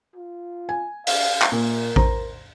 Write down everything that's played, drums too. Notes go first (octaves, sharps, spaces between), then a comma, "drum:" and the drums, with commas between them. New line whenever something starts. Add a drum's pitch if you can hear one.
F4
G#5
F5, drum: open hi-hat
drum: clap
A#2 A#4
C5 A#5, drum: kick A1